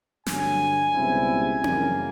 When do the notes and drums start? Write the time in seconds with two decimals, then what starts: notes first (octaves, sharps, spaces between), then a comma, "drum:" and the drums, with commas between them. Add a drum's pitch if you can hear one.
0.26 G2 D3 F#3 G#5, drum: snare
0.95 C#2 B2 G3 C4 E4
1.64 F#2 C#3 E3 G3 A#3, drum: tom C4